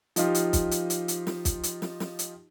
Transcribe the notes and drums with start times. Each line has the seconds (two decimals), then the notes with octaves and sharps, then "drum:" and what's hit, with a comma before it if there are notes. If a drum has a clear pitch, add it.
0.16 F3 D#4 F4 G4, drum: hi-hat
0.35 drum: hi-hat
0.53 drum: kick, hi-hat
0.71 drum: hi-hat
0.90 drum: hi-hat
1.08 drum: hi-hat
1.27 drum: snare
1.45 drum: kick, hi-hat
1.63 drum: hi-hat
1.82 drum: snare
2.00 drum: snare
2.19 drum: hi-hat